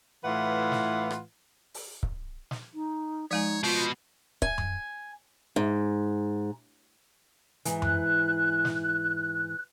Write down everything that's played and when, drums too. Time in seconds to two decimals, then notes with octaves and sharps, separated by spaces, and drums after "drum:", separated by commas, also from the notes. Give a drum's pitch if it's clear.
0.24 A2 E3 F4 B4 F#5
0.72 drum: snare
1.11 drum: rim click
1.74 drum: open hi-hat
2.03 drum: kick C#1
2.51 drum: snare
2.74 D#4
3.31 F3 G#3 D#4 C#5 G#5
3.63 B2 F4 C5
4.42 G#5, drum: kick C#1
4.58 drum: tom F#2
5.56 G#2
7.65 G#2 E3, drum: hi-hat
7.82 F#6, drum: tom F#2
8.65 drum: snare